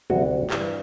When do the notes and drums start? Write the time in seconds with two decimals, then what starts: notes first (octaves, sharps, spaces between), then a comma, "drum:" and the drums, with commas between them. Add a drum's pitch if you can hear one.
0.10 D2 C3 G3 F#4, drum: tom
0.50 G2 E3 G3, drum: clap